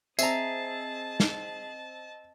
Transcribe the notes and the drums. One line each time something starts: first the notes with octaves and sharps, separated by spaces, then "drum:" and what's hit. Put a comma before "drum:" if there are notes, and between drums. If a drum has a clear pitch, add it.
C4 G#4 D#5 E5 A5 A#5, drum: tambourine
drum: snare